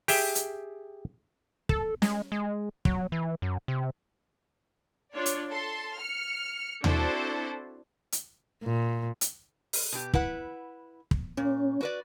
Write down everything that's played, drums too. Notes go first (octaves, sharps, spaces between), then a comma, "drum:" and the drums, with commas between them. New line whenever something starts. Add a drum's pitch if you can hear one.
G4 G#4 E5 G5, drum: open hi-hat
drum: hi-hat
A4, drum: kick
G#3, drum: snare
G#3
F#3, drum: kick
E3
F#2
C3
D4 F4 C#5 D5
drum: hi-hat
A4 C6
F6 C#7
C4 D4 E4 F#4 A4 C5, drum: tom D#2
drum: hi-hat
A#2
drum: hi-hat
drum: open hi-hat
B2 G4
E4 B4 F#5, drum: kick
drum: kick
A#2 C#4
F#4 B4 D5